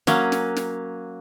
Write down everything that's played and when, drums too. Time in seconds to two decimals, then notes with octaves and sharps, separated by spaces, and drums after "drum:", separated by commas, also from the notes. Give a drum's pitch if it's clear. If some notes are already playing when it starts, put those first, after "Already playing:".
0.07 F#3 A#3 C#4, drum: snare
0.32 drum: snare
0.56 drum: snare